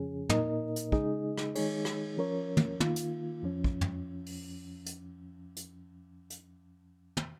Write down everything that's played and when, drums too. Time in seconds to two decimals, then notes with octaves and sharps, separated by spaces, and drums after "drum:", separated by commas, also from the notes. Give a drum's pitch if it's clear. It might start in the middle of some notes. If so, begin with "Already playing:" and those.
Already playing: F2 C#3 F3 C#4 G#4
0.29 A#2 A#3 D#4 A#4 D#5, drum: tom
0.76 drum: hi-hat
0.92 C#3 G#3 D#4 G#4 D#5, drum: kick
1.38 drum: rim click
1.55 D#3 G#3 D#4 G#4 C#5, drum: cymbal
1.85 drum: rim click
2.18 F3 C#4 A#4 C#5
2.57 drum: tom
2.80 D#3 A#3 F4, drum: tom
2.96 drum: hi-hat
3.43 F2 F3 C#4
3.64 drum: kick
3.81 drum: tom
4.26 drum: open hi-hat
4.86 drum: hi-hat
5.56 drum: hi-hat
6.30 drum: hi-hat
7.17 drum: tom